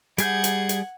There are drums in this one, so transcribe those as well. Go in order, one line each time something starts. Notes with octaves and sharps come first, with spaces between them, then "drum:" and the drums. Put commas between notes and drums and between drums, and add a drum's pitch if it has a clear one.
G3 G#4 F#5 G6 G#6, drum: hi-hat
drum: hi-hat
drum: hi-hat